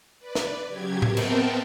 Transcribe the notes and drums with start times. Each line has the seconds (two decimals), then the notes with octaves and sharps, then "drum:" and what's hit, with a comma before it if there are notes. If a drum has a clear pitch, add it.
0.19 B4 D5
0.35 drum: snare
0.67 C#3 F#3 G4 G#6
1.02 B3 C4 A#4 G5 A5, drum: tom A2
1.17 drum: cymbal